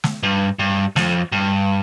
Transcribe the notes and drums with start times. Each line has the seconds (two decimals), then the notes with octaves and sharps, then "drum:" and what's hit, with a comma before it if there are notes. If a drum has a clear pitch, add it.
0.04 drum: snare
0.23 G2
0.59 G2
0.96 F2, drum: snare
1.32 G2